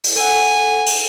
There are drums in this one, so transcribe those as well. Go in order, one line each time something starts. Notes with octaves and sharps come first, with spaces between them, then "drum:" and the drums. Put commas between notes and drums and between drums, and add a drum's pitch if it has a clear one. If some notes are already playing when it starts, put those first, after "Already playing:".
drum: open hi-hat
A4 F#5 G#5
drum: open hi-hat